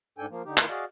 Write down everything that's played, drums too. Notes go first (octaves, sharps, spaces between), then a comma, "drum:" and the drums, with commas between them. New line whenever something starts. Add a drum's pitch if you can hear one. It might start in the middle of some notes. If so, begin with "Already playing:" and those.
G#2 D4 A4 G5 G#5
F3 A#3
D3 D#4 G4
D#3 A#3 E4 F4 B4, drum: clap
F#4 G#4 D5 D#5 F5